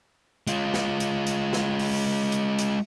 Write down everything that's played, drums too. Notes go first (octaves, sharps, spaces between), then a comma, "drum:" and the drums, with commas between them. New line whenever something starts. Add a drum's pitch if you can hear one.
G#3 F4, drum: hi-hat
drum: snare
drum: hi-hat
drum: hi-hat
drum: snare
drum: open hi-hat
drum: hi-hat
drum: hi-hat